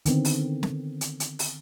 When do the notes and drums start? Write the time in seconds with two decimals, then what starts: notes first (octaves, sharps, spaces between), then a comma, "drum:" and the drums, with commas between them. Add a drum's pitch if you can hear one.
0.06 D3 D#3 B3 C4, drum: hi-hat
0.25 drum: open hi-hat
0.63 drum: snare
1.01 drum: hi-hat
1.20 drum: hi-hat
1.39 drum: open hi-hat